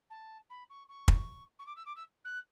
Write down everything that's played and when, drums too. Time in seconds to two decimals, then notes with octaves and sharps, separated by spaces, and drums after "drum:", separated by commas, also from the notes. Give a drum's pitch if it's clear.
0.10 A5
0.50 B5
0.69 C#6
0.89 C#6
1.08 drum: kick
1.59 C#6
1.66 D6
1.76 E6
1.86 D6
1.96 E6
2.24 F#6